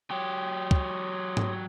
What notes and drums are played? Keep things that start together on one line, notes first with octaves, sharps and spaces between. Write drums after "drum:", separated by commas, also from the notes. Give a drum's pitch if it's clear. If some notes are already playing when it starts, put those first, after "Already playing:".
F#3 G4 C#5 C6 D#6
drum: kick
drum: tom G#2